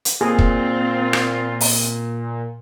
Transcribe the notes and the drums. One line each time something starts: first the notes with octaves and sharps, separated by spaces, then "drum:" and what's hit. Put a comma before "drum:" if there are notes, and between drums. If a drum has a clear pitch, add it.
drum: hi-hat
A#2 C4 F4 G#4
drum: kick
drum: rim click
drum: open hi-hat